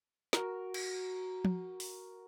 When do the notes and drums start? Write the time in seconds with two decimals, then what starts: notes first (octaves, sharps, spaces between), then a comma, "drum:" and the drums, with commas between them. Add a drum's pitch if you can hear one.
0.33 F#4 A#4, drum: snare
0.74 drum: cymbal
1.45 drum: tom F3
1.80 drum: open hi-hat